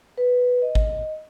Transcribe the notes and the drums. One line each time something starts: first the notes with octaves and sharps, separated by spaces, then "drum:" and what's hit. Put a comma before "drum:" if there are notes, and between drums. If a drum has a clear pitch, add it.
B4
D#5
drum: kick G#1